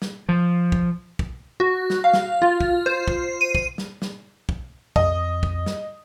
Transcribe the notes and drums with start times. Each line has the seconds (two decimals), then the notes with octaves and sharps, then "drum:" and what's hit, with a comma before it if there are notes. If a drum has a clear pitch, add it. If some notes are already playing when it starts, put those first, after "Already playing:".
0.02 drum: snare
0.29 F3
0.72 drum: kick
1.19 drum: kick
1.60 F#4
1.90 drum: snare
2.04 F5
2.13 drum: snare
2.42 F4
2.60 drum: kick
2.86 C5
3.08 drum: kick
3.41 D#7
3.55 drum: kick
3.78 drum: snare
4.02 drum: snare
4.49 drum: kick
4.96 F2 D#5 D#6, drum: kick
5.43 drum: kick
5.66 drum: snare